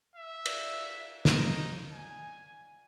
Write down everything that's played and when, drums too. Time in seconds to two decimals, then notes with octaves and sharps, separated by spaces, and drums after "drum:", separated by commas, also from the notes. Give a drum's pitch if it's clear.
0.16 E5
0.46 drum: cymbal
1.25 D#4, drum: snare
1.92 G#5